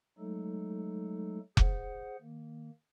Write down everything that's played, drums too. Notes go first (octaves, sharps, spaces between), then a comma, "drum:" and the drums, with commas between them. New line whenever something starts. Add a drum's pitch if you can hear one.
F#3 G#3 A3 D#4 A4
G#4 C5 F#5, drum: kick F1
D#3 A#3